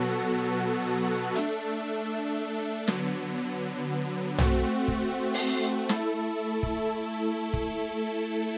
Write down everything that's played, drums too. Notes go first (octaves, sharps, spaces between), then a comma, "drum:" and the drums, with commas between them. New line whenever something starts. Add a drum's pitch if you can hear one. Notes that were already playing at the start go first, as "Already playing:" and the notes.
Already playing: B2 F#3 B3 F#4 A4
A3 D4 A4 E5, drum: hi-hat
D3 F#3 B3, drum: snare
A3 C4 F#4, drum: tom B1
drum: kick
drum: open hi-hat
A3 E4 A4, drum: snare
drum: kick
drum: kick